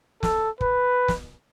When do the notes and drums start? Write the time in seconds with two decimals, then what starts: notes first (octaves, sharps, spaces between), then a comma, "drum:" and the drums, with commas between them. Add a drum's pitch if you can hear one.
0.23 A4, drum: snare
0.61 B4, drum: kick
1.08 drum: snare